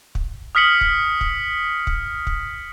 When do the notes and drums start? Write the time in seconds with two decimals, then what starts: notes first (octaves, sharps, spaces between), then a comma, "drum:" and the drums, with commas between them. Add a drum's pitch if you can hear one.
0.15 drum: kick
0.55 D#6 F6 B6 C#7 F#7
0.81 drum: kick
1.21 drum: kick
1.87 drum: kick
2.27 drum: kick